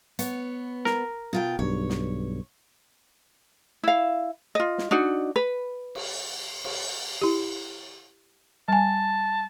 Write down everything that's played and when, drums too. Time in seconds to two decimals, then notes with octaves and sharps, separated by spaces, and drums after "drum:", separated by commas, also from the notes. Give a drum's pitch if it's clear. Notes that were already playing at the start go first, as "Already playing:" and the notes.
0.19 B3 C#5, drum: hi-hat
0.85 A#4, drum: snare
1.33 B2 F4 G5
1.59 B1 G2 C#5
1.89 drum: snare
3.83 E4 F5
4.55 F4 D#5
4.78 drum: snare
4.91 D4 D#4 F#4
5.36 B4
5.95 drum: cymbal
6.64 drum: cymbal
7.22 E4 G4
8.68 G3 G#5 A5